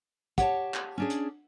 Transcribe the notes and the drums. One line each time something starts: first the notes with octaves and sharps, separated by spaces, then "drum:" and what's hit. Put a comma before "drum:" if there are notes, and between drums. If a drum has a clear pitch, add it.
G4 C#5 F#5 A5, drum: kick, hi-hat
drum: clap
C#4 D4 G#4
drum: hi-hat